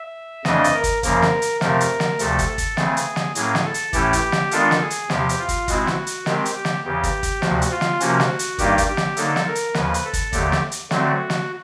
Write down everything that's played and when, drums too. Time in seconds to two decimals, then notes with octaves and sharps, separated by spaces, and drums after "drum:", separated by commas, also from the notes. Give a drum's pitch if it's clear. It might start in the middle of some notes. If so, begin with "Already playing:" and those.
Already playing: E5
0.45 F2 C#3 E3 A3 D4 D#5, drum: snare
0.64 drum: hi-hat
0.74 A#4
0.84 drum: kick, hi-hat
1.03 F#2 C#3 F3 A#3 A#4, drum: kick, hi-hat
1.22 drum: snare
1.42 drum: hi-hat
1.61 F2 C3 F3 A3 A#4, drum: snare
1.80 drum: hi-hat
2.00 drum: snare
2.19 D2 C3 F3 A3 A4, drum: hi-hat
2.39 drum: kick, hi-hat
2.48 A4
2.58 drum: kick, hi-hat
2.77 C#3 E3 A3 C4 G#4, drum: snare
2.97 drum: hi-hat
3.16 drum: snare
3.35 A2 F#3 A#3 C#4 G#4, drum: hi-hat
3.55 drum: snare
3.64 A4
3.74 drum: hi-hat
3.93 A2 E3 A3 C#4 E4 G4, drum: kick, hi-hat
4.13 drum: kick, hi-hat
4.32 drum: snare
4.51 D#3 G#3 B3 D4 F4 A4, drum: hi-hat
4.71 drum: snare
4.81 G#4
4.90 drum: hi-hat
5.10 E2 C3 F3 G4, drum: snare
5.29 drum: hi-hat
5.39 F4
5.48 drum: kick, hi-hat
5.68 B2 G#3 C4 E4 F#4, drum: kick, hi-hat
5.87 drum: snare
6.07 drum: hi-hat
6.26 D#3 G#3 C4 G4, drum: snare
6.45 drum: hi-hat
6.55 G4
6.65 drum: snare
6.84 E2 C#3 E3 G4
7.03 drum: kick, hi-hat
7.23 drum: kick, hi-hat
7.42 D2 C3 F3 F#4, drum: snare
7.62 drum: hi-hat
7.71 F4
7.81 drum: snare
8.00 C3 F3 A#3 C#4 F#4, drum: hi-hat
8.20 drum: snare
8.39 drum: hi-hat
8.58 G2 D#3 G3 A#3 D#4 G4, drum: kick, hi-hat
8.78 drum: kick, hi-hat
8.88 G4
8.97 drum: snare
9.17 D3 F#3 A#3 D#4 A4, drum: hi-hat
9.36 drum: snare
9.46 A#4
9.55 drum: hi-hat
9.74 D#2 C#3 F3 B4, drum: snare
9.94 drum: hi-hat
10.04 A4
10.13 drum: kick, hi-hat
10.33 D#2 D3 F#3 A3 G4, drum: kick, hi-hat
10.52 drum: snare
10.72 drum: hi-hat
10.91 D3 F#3 A3 C4 F#4, drum: snare
11.30 drum: snare